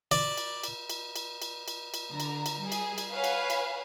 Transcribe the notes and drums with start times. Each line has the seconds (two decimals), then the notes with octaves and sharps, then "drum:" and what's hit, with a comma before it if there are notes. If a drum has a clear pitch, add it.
0.11 D5, drum: cymbal
0.37 drum: cymbal
0.64 drum: cymbal
0.90 drum: cymbal
1.16 drum: cymbal
1.42 drum: cymbal
1.68 drum: cymbal
1.94 drum: cymbal
2.10 D3 A#5
2.20 drum: cymbal
2.46 drum: cymbal
2.62 G3 G#4
2.72 drum: cymbal
2.98 drum: cymbal
3.11 B4 C#5 F5 F#5 G#5 B5
3.24 drum: cymbal
3.50 drum: cymbal